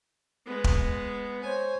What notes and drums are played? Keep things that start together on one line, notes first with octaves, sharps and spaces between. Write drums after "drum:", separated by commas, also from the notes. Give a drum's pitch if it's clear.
G#3 B3
drum: kick
C5 C#5 G#5